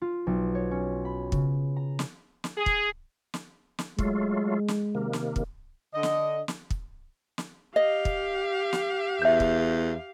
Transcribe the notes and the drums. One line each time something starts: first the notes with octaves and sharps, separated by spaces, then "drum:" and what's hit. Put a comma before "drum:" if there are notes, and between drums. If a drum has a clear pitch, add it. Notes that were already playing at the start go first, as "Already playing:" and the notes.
F4
B1
C#5
C#4
B5
C#3, drum: kick
A#5
drum: snare
drum: snare
G#4
drum: kick
drum: snare
drum: snare
F#3 G#3 A3 F4, drum: kick
drum: snare
C3 D#3 A#3
drum: snare
drum: kick
D3 D#5
drum: snare
drum: snare
drum: kick
drum: snare
G4 D#5 F5
drum: kick
drum: snare
E2 E5 G6
drum: kick